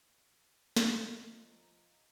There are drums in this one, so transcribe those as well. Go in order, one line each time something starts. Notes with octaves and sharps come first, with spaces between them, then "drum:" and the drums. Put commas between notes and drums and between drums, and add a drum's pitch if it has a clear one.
drum: snare
F3 D#5 A#5